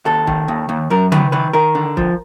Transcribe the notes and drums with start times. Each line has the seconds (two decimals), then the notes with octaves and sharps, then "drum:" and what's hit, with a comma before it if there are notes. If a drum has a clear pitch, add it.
0.05 D#2 A4
0.27 D#3, drum: kick
0.48 D#2
0.69 D#2
0.90 F#2 A#4
1.12 D#3 B4, drum: tom C#3
1.32 D#3 B4
1.53 D#3 A#4
1.75 D3
1.97 F3, drum: kick